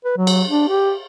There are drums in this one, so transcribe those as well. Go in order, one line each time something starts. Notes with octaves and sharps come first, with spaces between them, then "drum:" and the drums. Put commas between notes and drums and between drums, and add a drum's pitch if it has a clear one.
B4
F#3
drum: cymbal
D4
G4